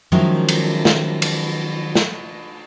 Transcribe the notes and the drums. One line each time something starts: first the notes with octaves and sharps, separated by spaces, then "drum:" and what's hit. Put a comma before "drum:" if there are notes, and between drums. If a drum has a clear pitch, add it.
D#3 F3 F#3 G#3 C#4 E4
drum: cymbal
drum: snare
drum: cymbal
drum: snare